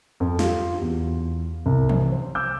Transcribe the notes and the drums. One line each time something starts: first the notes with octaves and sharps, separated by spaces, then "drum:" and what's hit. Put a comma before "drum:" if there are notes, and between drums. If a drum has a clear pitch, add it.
F2
F4 G4, drum: snare
E2
C2
drum: tom E3
C5
D6 E6 G6